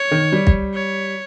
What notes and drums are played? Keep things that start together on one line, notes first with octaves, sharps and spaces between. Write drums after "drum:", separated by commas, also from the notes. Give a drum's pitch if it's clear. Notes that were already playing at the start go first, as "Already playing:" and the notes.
Already playing: C#5
D#3
G3
drum: kick
C#5